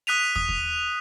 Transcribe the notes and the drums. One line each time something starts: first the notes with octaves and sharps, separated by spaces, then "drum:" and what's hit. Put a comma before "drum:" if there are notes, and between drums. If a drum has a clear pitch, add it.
D#6 F#6 B6 D#7 F7
D#6, drum: kick
drum: kick